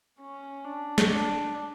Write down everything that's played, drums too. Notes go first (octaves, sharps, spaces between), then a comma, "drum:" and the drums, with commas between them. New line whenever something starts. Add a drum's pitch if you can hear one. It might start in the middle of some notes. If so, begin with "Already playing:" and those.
C#4
D4
drum: snare
D4